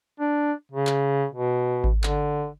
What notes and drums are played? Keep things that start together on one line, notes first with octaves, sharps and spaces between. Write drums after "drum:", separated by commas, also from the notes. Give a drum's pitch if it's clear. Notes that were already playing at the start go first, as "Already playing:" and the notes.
D4
C#3
drum: clap
B2
drum: kick G#1
D3, drum: clap